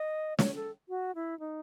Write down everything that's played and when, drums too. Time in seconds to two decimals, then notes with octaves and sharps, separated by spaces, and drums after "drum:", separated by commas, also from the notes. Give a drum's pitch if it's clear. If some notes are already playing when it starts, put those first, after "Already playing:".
Already playing: D#5
0.39 C#5, drum: snare
0.55 A4
0.89 F#4
1.15 E4
1.40 D#4